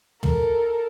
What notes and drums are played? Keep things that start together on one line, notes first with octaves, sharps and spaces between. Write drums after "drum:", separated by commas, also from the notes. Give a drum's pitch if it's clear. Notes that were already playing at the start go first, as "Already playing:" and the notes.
A4 A#4, drum: tom